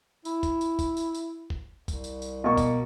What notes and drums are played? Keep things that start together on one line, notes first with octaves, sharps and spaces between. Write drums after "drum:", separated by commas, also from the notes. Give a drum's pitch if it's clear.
E4, drum: tambourine
drum: kick, tambourine
drum: tambourine
drum: kick, tambourine
drum: tambourine
drum: tambourine
drum: kick
C2, drum: kick, tambourine
drum: tambourine
drum: tambourine
B2 A#3 C#6
drum: kick, tambourine